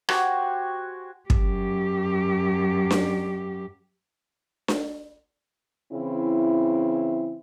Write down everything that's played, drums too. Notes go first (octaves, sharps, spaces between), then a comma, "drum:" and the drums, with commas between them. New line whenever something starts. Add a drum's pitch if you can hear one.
F#4 G4 C5 G#5, drum: rim click
F#2 G4, drum: kick
drum: snare D4
drum: snare D4
C#3 E3 C4 E4